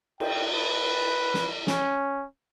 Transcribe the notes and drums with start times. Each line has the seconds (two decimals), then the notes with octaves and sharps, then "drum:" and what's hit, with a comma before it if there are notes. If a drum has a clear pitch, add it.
0.20 G5, drum: cymbal
0.53 B4
1.34 drum: snare
1.67 C#4, drum: snare